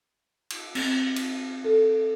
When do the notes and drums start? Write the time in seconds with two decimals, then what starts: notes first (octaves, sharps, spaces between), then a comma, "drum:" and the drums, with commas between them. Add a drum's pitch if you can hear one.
0.50 drum: cymbal
0.75 C4, drum: cymbal
1.16 drum: cymbal
1.64 A4